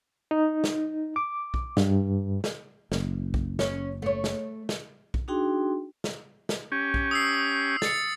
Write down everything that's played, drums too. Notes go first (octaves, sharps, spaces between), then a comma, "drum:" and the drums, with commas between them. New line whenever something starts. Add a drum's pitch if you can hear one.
D#4
drum: snare
D6
drum: kick B1
G2, drum: snare
drum: snare
F#1, drum: snare
drum: kick B1
C#4, drum: snare
A3 C#5
drum: snare
drum: snare
drum: kick B1
D4 D#4 F#4 G#4 G5 C6
drum: snare
drum: snare
C#4 G4
drum: kick B1
D#6 E6 C7
A6 C#7, drum: snare